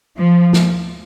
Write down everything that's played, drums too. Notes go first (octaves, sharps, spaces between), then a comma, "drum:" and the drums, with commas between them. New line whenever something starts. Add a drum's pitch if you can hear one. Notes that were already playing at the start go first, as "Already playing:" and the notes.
F3
drum: snare